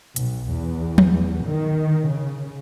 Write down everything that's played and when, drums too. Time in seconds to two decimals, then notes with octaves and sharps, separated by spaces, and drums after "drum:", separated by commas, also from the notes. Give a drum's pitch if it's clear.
0.16 B1, drum: hi-hat
0.52 E2
0.98 drum: tom F3
1.46 D#3
2.10 C#3